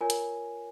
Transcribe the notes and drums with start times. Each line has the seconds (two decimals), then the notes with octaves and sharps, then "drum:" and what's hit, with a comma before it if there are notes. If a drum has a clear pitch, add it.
0.01 F4 A#4 C#5 G#5
0.10 drum: hi-hat